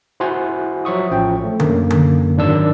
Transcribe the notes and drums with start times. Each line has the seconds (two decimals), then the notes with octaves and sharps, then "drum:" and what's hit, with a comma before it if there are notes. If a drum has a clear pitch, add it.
0.20 E4 F#4 C5 F#5 G#5 C6
0.85 F3 F#3 E5 C#6 D#6
1.11 A1 F3 C#4 G5
1.44 A3
1.60 F#2 D3 A#3, drum: tom D3
1.90 drum: tom D3
2.37 G#1 D#3 F#3 D4 D5 E6